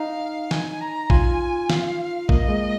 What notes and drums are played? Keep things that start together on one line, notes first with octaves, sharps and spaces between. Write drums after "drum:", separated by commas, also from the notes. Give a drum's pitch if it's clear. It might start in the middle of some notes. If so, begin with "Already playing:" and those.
Already playing: D#4 F5
G#5, drum: snare
A#5
F4 G#5, drum: kick A#1
F5, drum: snare
A#3 D#5, drum: kick A#1
G#3